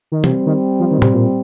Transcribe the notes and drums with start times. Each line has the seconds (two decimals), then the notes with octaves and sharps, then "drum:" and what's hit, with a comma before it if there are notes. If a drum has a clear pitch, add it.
0.12 D#3
0.24 C3 G3 C4, drum: tom
0.46 D#3
0.80 F3
0.91 D#3
0.98 A#2
1.02 C3, drum: tom
1.13 A#2